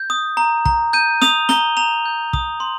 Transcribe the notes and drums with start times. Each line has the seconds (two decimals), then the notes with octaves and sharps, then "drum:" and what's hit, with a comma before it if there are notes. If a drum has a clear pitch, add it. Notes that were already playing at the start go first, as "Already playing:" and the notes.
Already playing: G6
0.10 D#6
0.37 A#5
0.66 A#5, drum: kick
0.93 G6 D#7
1.22 D#6 F7, drum: snare
1.49 A#5 G7, drum: snare
1.77 A#5 F7
2.06 G6
2.33 D#6, drum: kick
2.60 C6